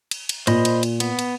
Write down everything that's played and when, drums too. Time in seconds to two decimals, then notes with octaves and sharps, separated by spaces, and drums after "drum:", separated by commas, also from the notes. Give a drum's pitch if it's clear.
0.11 drum: cymbal
0.29 drum: cymbal
0.47 A#2 C5 D#5 B5, drum: cymbal
0.65 drum: cymbal
0.83 drum: cymbal
1.00 B3, drum: cymbal
1.19 drum: cymbal